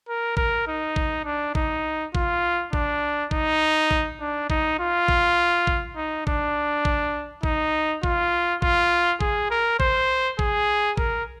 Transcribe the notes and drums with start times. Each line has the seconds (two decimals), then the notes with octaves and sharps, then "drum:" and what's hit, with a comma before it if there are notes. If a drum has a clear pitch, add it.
0.08 A#4
0.37 A#4, drum: kick A1
0.67 D#4
0.96 drum: kick A1
1.25 D4
1.55 D#4, drum: kick A1
2.15 F4, drum: kick A1
2.73 D4, drum: kick A1
3.31 D#4, drum: kick A1
3.91 drum: kick A1
4.21 D4
4.50 D#4, drum: kick A1
4.80 F4
5.08 drum: kick A1
5.67 drum: kick A1
5.96 D#4
6.27 D4, drum: kick A1
6.85 drum: kick A1
7.43 D#4, drum: kick A1
8.03 F4, drum: kick A1
8.62 F4, drum: kick A1
9.21 G#4, drum: kick A1
9.51 A#4
9.80 C5, drum: kick A1
10.39 G#4, drum: kick A1
10.97 A#4, drum: kick A1